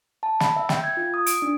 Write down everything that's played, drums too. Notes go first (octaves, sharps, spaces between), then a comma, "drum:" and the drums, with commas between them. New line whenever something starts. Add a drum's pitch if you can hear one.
A5
B5, drum: snare
E5
G5, drum: snare
G#6
F4
D#6
D7, drum: hi-hat
D4